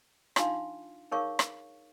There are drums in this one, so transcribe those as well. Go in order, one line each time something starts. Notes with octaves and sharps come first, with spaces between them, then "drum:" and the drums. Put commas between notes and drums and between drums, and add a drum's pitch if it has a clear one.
D4 D#4 F4 F5 C6, drum: rim click
D#4 G#4 A#4 C#5 F5 C#6
drum: rim click